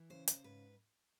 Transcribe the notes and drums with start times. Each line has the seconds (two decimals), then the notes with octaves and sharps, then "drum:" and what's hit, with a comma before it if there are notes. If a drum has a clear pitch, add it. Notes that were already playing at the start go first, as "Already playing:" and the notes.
Already playing: E3
0.10 C#3 C5
0.28 C5, drum: hi-hat
0.44 G#2 B4